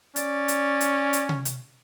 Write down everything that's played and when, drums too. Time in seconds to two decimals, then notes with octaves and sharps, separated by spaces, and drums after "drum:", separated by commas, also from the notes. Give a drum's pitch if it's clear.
0.16 C#4 D5, drum: hi-hat
0.48 drum: hi-hat
0.81 drum: hi-hat
1.13 drum: hi-hat
1.29 drum: tom C3
1.45 drum: hi-hat